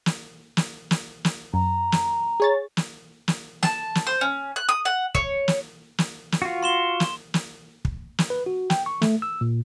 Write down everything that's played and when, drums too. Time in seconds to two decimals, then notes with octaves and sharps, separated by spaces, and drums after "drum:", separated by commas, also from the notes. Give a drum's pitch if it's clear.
0.06 drum: snare
0.57 drum: snare
0.91 drum: snare
1.25 drum: snare
1.54 F#2 A#5
1.92 drum: snare
2.40 G#4 C#5 A6
2.77 drum: snare
3.28 drum: snare
3.63 A5, drum: snare
3.95 drum: snare
4.07 C5
4.21 C#4
4.56 F#6
4.69 D#6
4.85 F#5
5.15 C#5, drum: kick
5.48 drum: snare
5.98 drum: snare
6.32 drum: snare
6.42 F4 F#4
6.63 C6 E7 G7
7.00 drum: snare
7.34 drum: snare
7.85 drum: kick
8.19 drum: snare
8.30 B4
8.46 F#4
8.70 G5, drum: snare
8.86 C#6
9.02 A3, drum: snare
9.22 E6
9.41 A#2